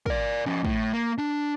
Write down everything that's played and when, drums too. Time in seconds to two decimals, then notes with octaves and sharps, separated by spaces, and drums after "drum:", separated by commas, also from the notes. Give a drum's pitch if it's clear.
0.06 A#4 D5, drum: kick
0.46 F3 C#4
0.64 A2, drum: kick
0.93 A#3
1.18 D4